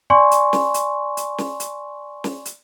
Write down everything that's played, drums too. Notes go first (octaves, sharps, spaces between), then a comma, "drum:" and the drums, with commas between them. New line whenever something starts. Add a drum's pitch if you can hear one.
D5 G#5 C6 C#6
drum: hi-hat
drum: snare
drum: hi-hat
drum: hi-hat
drum: snare
drum: hi-hat
drum: snare
drum: hi-hat